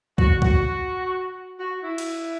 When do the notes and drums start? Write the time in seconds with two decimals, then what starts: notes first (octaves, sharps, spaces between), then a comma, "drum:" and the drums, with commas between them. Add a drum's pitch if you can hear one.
0.18 F#4, drum: kick
0.42 F#4, drum: kick
1.60 F#4
1.84 E4
1.98 drum: cymbal